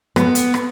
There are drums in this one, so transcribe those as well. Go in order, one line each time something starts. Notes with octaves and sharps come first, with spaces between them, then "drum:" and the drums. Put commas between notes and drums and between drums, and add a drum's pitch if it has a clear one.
B3, drum: rim click
drum: hi-hat
drum: rim click